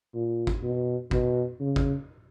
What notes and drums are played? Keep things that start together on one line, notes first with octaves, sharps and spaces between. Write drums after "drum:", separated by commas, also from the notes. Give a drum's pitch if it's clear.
A#2
drum: kick
B2
B2, drum: kick
C#3
drum: kick